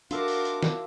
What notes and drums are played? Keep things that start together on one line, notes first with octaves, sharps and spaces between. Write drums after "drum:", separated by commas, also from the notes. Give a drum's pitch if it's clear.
D4 F4 F#4 A#4 E5 A5 D6, drum: hi-hat
drum: open hi-hat
drum: hi-hat
drum: snare